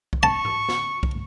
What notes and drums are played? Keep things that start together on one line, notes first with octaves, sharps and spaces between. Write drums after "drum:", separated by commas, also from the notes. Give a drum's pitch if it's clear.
drum: kick
A5 C#6
drum: tom G#2
drum: snare
drum: kick